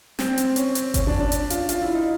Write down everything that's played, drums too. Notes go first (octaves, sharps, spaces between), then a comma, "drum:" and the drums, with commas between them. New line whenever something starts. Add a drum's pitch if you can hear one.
C4, drum: snare
drum: hi-hat
C#4, drum: hi-hat
drum: hi-hat
C#4, drum: kick G1, hi-hat
D4
D4
drum: hi-hat
F4, drum: hi-hat
F4, drum: hi-hat
E4
D#4